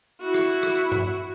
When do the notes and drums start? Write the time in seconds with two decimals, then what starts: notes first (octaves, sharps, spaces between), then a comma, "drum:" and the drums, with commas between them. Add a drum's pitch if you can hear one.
0.20 E4 F#4
0.34 drum: rim click
0.63 drum: rim click
0.92 drum: tom G2